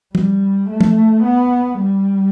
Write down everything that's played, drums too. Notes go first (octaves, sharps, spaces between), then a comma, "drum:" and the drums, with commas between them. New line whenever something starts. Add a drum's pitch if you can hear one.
G3, drum: tom F3
A3
drum: tom F3
B3
G3